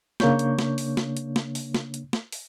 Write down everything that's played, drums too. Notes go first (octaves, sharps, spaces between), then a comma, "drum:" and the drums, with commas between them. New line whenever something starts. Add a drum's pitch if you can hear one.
C#3 A#3 D4 C#5 C#6 G6, drum: snare
drum: hi-hat
drum: snare
drum: open hi-hat
drum: snare
drum: hi-hat
drum: snare
drum: open hi-hat
drum: snare
drum: hi-hat
drum: snare
drum: open hi-hat